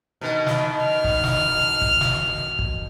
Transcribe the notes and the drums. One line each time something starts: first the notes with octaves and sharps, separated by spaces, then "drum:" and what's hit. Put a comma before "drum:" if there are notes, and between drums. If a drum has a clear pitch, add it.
B2 D#3
drum: snare
F6
drum: kick
drum: snare
drum: kick
drum: snare
drum: kick